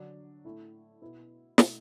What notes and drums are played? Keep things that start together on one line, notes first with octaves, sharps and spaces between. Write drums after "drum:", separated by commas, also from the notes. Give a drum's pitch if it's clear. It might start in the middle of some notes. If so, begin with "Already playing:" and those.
Already playing: D3 F#3 D4
A2 A3 E4
B2 B3 E4
B2 A3 E4, drum: snare